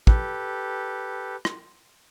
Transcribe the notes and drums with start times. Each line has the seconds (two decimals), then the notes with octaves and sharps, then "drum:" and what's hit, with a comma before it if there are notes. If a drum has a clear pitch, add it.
0.07 G4 A4 B4, drum: kick
1.45 drum: rim click